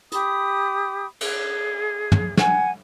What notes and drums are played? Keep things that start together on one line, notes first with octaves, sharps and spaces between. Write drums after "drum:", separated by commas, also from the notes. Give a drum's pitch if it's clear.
G4 B5 D#6, drum: hi-hat
G#4, drum: cymbal
drum: tom
F#5 G#5, drum: snare